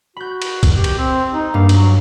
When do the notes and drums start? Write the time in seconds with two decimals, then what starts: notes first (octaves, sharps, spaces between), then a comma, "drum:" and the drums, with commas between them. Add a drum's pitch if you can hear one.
0.17 F#4 B5 G6
0.42 drum: cymbal
0.63 drum: kick C2, cymbal
0.74 G4
0.84 drum: cymbal
0.98 C4
1.33 D#4
1.54 G2 A#3 F5
1.69 F#3, drum: cymbal